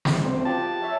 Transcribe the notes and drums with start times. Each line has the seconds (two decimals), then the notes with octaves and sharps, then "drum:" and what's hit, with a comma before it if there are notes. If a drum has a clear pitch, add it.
0.05 drum: snare
0.24 D2 C4
0.45 F3 G4 A5
0.82 C#5 E5